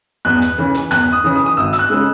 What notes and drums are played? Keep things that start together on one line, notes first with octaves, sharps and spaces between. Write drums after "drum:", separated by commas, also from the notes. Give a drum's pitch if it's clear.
E2 F#6
drum: hi-hat
C#3 E3
drum: hi-hat
E2 F#6, drum: rim click
D#6
C#3 E3
D#6
D#6
G#1 E6
E6, drum: hi-hat
F#6
C#3 G#3